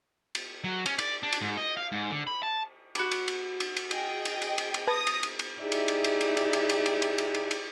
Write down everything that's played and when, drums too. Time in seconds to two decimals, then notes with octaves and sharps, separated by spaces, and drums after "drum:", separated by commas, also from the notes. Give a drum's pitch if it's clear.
0.35 drum: cymbal
0.64 F#3
0.86 C#4, drum: cymbal
0.99 D5, drum: cymbal
1.23 D4
1.32 drum: cymbal
1.42 G#2
1.57 D#5
1.77 F5
1.92 G#2
2.10 D3
2.27 B5
2.43 A5
2.95 F#4 B5 D6, drum: cymbal
3.11 drum: cymbal
3.28 drum: cymbal
3.60 drum: cymbal
3.77 drum: cymbal
3.91 G#4 D#5 G5, drum: cymbal
4.25 drum: cymbal
4.42 drum: cymbal
4.58 drum: cymbal
4.74 drum: cymbal
4.87 B4 A5 D#6 G#6 A#6
5.07 drum: cymbal
5.23 drum: cymbal
5.39 drum: cymbal
5.60 D#4 E4 G4 G#4 D5 E5
5.72 drum: cymbal
5.88 drum: cymbal
6.04 drum: cymbal
6.21 drum: cymbal
6.37 drum: cymbal
6.53 drum: cymbal
6.69 drum: cymbal
6.86 drum: cymbal
7.02 drum: cymbal
7.18 drum: cymbal
7.35 drum: cymbal
7.51 drum: cymbal